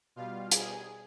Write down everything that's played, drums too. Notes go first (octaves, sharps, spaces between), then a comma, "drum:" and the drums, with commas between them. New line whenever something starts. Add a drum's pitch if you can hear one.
B2 G3 F4 F5
G#4 G#5, drum: hi-hat